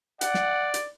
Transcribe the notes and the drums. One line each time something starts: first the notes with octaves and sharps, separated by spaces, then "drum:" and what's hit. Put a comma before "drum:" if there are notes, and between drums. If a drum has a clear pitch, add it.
D5 F#5, drum: hi-hat
drum: snare
drum: hi-hat